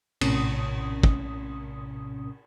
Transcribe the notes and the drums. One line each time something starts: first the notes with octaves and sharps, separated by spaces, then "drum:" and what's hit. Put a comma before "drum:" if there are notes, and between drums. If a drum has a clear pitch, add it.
A#1 A2 C3 C#4 D#6, drum: cymbal
drum: kick